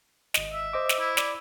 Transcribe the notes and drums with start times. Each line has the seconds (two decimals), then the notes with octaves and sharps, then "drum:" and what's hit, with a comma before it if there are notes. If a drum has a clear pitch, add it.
0.34 G#1 D#5, drum: snare
0.53 E5
0.73 C5 D#5 D6
0.89 drum: snare
0.99 E4
1.17 D5 D6, drum: snare